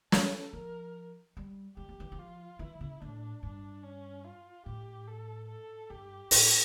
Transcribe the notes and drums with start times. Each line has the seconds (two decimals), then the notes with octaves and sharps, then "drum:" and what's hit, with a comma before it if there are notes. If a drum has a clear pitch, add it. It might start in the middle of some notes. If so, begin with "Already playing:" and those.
0.12 E3 A4, drum: snare
0.53 F3 A#4
1.37 G3
1.77 G3 G4
1.89 F3
2.00 E3
2.12 F3
2.19 F4
2.59 E3 E4
2.81 C#3
3.01 A2 D4
3.43 G2 D4
3.84 C#4
4.25 F4
4.66 A2 G4
5.08 A4
5.49 A4
5.90 G2 G4
6.31 A2 A4, drum: open hi-hat